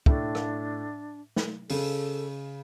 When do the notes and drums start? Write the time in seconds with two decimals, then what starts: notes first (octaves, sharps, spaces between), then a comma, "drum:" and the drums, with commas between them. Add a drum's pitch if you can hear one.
0.06 A2 A3 D4, drum: kick
0.35 drum: rim click
1.36 drum: snare
1.69 C#3 A4, drum: open hi-hat